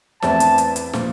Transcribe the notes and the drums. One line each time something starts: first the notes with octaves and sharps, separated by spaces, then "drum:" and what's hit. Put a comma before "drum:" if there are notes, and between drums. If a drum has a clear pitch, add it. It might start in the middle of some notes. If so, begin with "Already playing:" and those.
E2 E3 A3 C4 A5, drum: snare
drum: hi-hat
drum: hi-hat
drum: hi-hat
A#2 F3, drum: snare